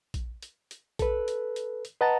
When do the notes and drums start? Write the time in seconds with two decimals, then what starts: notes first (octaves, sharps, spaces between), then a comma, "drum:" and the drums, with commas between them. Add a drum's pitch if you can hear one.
0.14 drum: kick A#1, hi-hat
0.42 drum: hi-hat
0.71 drum: hi-hat
0.99 A4 B4, drum: kick A#1, hi-hat
1.28 drum: hi-hat
1.56 drum: hi-hat
1.85 drum: hi-hat
2.01 B4 D#5 F#5 A5 A#5 A6